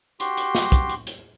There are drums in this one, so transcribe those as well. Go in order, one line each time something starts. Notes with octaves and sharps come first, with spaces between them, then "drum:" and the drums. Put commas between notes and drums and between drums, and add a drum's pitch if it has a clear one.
F#4 G4 C6, drum: hi-hat
drum: hi-hat
drum: snare
drum: kick, hi-hat
drum: hi-hat
drum: hi-hat